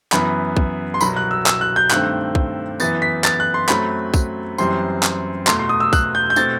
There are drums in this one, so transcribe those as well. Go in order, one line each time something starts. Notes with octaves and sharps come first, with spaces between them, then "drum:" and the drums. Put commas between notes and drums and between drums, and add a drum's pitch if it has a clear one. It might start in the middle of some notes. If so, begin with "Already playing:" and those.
F#2 E3 B3 B5, drum: clap
drum: kick
C6
C2 B2 F#3 B5, drum: tambourine
F#6
E6
E6, drum: clap
F#6
G6
G2 D#3 A3 C4 F#6, drum: clap
drum: kick
F#2 E3 B3 A6, drum: tambourine
B6
A6, drum: clap
F#6
C6
F#2 F#3 A3 C4 B5, drum: clap
drum: kick, tambourine
F#2 E3 G3 C4 C6, drum: tambourine
drum: clap
E2 B2 A3 C6, drum: clap
C6
D#6
E6
F#6, drum: kick, tambourine
G6
G6
B2 A3 C4 A6, drum: tambourine